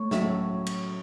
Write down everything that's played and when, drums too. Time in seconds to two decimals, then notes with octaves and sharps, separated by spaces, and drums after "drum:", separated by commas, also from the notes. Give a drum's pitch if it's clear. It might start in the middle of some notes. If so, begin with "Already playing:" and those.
Already playing: A3 C#5
0.11 A2 F#3 C#4 E5, drum: snare
0.66 drum: cymbal